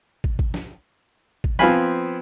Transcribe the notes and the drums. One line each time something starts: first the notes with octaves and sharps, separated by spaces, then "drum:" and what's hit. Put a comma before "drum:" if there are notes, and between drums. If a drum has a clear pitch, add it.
drum: kick
drum: kick
drum: snare
drum: kick
F3 B3 C4 F5 G#5 B5, drum: snare